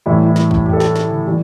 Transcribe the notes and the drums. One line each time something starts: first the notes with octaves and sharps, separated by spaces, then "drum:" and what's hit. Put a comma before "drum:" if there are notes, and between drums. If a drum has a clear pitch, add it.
A2 E3 G3 E4
E4
drum: snare
drum: kick
G4, drum: tom E2
A4
G4, drum: snare
drum: snare
drum: tom C#3
E3 G3